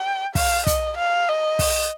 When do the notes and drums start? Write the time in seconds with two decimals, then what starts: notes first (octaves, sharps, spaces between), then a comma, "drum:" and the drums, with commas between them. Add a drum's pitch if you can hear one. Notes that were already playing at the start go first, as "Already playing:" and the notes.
Already playing: G5
0.35 F5, drum: kick, open hi-hat
0.67 D#5, drum: kick, hi-hat
0.98 F5
1.28 D#5
1.59 drum: kick, open hi-hat